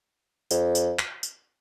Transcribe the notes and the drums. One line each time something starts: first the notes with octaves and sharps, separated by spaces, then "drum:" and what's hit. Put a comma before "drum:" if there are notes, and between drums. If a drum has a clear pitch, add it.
F2, drum: tambourine
drum: tambourine
drum: clap
drum: tambourine